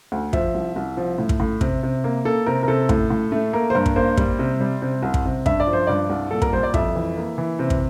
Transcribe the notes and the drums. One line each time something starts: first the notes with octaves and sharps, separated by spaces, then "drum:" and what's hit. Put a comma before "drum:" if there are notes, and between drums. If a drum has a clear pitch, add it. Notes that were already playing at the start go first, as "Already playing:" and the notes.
D2
F3 E5, drum: kick
C2
C2
F3
A2
drum: kick
A2
C3, drum: kick
C3
A#3
A#3 A4
C3 A#4
A#4
C3 A4
A2, drum: kick
A2
A3
A#3 A#4
C5
G2 A#4
drum: kick
A#3 C5
G3, drum: kick
C3
G3
C3
C2
drum: kick
C3
G2 E5, drum: kick
D5
F3
C5
G2 D5
C2
A#2 A4
A#4, drum: kick
G3 C5
D5
F2 E5, drum: kick
E3
A#3
E3
C3
drum: kick